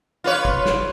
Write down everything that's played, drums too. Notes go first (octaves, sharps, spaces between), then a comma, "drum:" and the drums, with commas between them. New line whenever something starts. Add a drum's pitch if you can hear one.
F4 B4 C#5
drum: kick
drum: snare